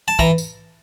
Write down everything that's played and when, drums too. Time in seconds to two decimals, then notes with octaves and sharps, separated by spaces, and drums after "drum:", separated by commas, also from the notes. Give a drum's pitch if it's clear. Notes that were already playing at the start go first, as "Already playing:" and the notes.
0.08 A5
0.19 E3 A#5, drum: kick
0.38 drum: tambourine